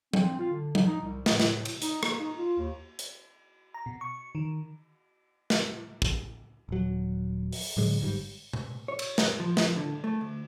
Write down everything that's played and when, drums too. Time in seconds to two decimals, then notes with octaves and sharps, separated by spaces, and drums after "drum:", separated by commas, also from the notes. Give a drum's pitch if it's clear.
0.13 C4, drum: tom F#3
0.39 F4
0.51 D3
0.75 drum: tom F#3
0.86 D#4
1.03 C2
1.26 A2, drum: snare
1.40 drum: snare
1.65 drum: cymbal
1.82 D#4, drum: hi-hat
2.03 A#3, drum: rim click
2.19 D#4
2.37 F4
2.59 D#2
2.99 drum: hi-hat
3.74 A#5
3.86 B2
4.01 C#6
4.35 D#3
5.50 drum: snare
6.02 drum: kick
6.69 D#1 F#3
7.53 drum: open hi-hat
7.77 A2 D3 F#3 G#3
8.01 G1 G#2 G3
8.53 drum: tom B2
8.88 C#5
8.99 drum: cymbal
9.18 drum: snare
9.40 F3
9.57 drum: snare
9.76 D3
10.04 A3
10.21 D2